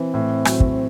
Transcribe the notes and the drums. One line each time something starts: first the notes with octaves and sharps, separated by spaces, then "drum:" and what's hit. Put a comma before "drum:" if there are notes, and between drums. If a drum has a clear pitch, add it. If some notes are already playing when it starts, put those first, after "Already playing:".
Already playing: E3 C4
A2
F#3, drum: rim click
drum: kick